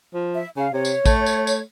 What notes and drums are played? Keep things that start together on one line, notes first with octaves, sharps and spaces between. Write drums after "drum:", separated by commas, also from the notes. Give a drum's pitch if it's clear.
F3
E5
C#3 F5
C3 C#5
drum: tambourine
A3, drum: kick A1, tambourine
drum: tambourine
drum: tambourine